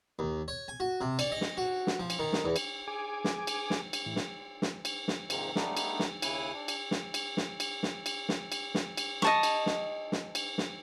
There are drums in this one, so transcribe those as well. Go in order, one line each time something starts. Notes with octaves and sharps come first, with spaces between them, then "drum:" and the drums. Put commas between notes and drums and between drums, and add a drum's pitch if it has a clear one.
D#2
C#5
G#5
F#4
C3
D5, drum: cymbal
D#5
drum: snare
F#4
drum: snare
F3
drum: cymbal
D#3
drum: snare
E2
drum: cymbal
G#4 G#5 D6
drum: snare
drum: cymbal
drum: snare
drum: cymbal
A2 E3
drum: snare
drum: snare
drum: cymbal
drum: snare
G#2 C3 D#3 F3, drum: cymbal
G3 A3 B3 D4 D#4, drum: snare
drum: cymbal
drum: snare
D#2 C#3 E4 G#5 F#6, drum: cymbal
D4
drum: cymbal
drum: snare
drum: cymbal
drum: snare
drum: cymbal
drum: snare
drum: cymbal
drum: snare
drum: cymbal
drum: snare
drum: cymbal
D#5 A5 C#6, drum: snare
drum: cymbal
drum: snare
drum: snare
drum: cymbal
drum: snare